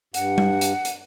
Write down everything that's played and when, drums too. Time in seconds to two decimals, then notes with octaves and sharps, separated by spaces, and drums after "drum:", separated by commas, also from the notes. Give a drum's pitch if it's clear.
0.14 G2 F#5, drum: hi-hat
0.38 drum: tom G3
0.61 drum: hi-hat
0.85 drum: hi-hat